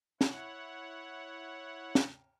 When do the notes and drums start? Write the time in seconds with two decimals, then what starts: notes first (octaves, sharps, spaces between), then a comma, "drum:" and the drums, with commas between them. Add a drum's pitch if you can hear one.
0.21 E4 C#5 F#5, drum: snare
1.95 drum: snare